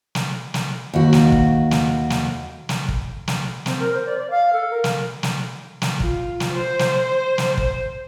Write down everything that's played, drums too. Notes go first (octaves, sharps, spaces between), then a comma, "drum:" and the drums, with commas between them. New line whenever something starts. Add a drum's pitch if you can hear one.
drum: snare
drum: snare
D#2 F#4
drum: snare
drum: kick
drum: snare
drum: snare
drum: snare
drum: kick
drum: snare
C4, drum: snare
A#4
C5
D5
D5
F5
A4
A#4
drum: snare
drum: snare
drum: snare
F4, drum: kick
drum: snare
C5
drum: snare
drum: snare
drum: kick